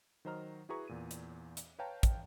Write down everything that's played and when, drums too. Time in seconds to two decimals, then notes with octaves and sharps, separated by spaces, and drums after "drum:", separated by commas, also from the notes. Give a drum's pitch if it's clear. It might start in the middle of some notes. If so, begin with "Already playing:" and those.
0.25 D#3 F#3 C5 D#5 A#5 F6
0.69 E4 F#4 G#4 B4 A#5 C#6
0.88 E2 A#2 D#7
1.11 drum: hi-hat
1.57 drum: hi-hat
1.79 B4 C#5 F5 G5 A5 A#5
2.03 drum: kick, hi-hat